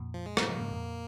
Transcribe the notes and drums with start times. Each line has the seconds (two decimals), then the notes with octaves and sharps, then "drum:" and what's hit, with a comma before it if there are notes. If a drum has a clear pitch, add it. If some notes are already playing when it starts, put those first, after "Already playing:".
Already playing: F2 A#2
0.14 F3
0.26 G#3
0.37 G#2 C#3 A#3, drum: rim click
0.49 C#3 F3
0.55 A#2
0.60 G#2 C#3
0.71 F2 A#2